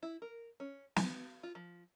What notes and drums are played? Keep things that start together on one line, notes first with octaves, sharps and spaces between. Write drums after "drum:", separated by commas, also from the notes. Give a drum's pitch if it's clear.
E4
A#4
C#4
B3, drum: snare
F4
F3